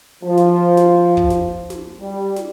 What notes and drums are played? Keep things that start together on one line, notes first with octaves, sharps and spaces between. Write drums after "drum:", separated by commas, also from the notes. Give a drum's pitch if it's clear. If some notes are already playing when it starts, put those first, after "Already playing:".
F3
drum: snare
drum: snare
drum: kick
drum: snare
drum: snare
G3
drum: snare